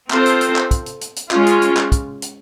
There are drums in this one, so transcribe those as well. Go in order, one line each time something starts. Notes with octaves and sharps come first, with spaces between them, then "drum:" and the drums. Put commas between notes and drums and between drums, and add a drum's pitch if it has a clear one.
C4 F4 A4 C5, drum: clap
drum: hi-hat
drum: hi-hat
drum: clap
drum: kick, hi-hat
drum: hi-hat
drum: hi-hat
drum: hi-hat
G#3 C#4 F4, drum: clap
drum: hi-hat
drum: hi-hat
drum: clap
drum: kick, hi-hat
drum: hi-hat